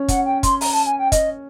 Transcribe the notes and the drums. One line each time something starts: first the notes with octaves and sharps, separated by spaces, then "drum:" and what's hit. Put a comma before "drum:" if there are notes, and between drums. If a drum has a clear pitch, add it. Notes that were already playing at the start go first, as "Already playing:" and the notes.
Already playing: C#4
F#5, drum: kick, hi-hat
G5
C6, drum: kick, hi-hat
A#5, drum: open hi-hat
A5
G#5
G5
D#5, drum: kick, hi-hat